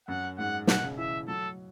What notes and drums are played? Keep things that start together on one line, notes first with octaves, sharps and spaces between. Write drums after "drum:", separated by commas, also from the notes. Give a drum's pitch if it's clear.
F#2 F#5
G#2 F#5
B2 F#5, drum: snare
C#3
E3 E5
F#3 A4